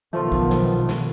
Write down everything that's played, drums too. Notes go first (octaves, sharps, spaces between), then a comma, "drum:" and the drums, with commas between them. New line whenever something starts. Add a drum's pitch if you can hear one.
B1 D#3 F3 A3 B3 F4
drum: kick A#1
drum: snare
drum: snare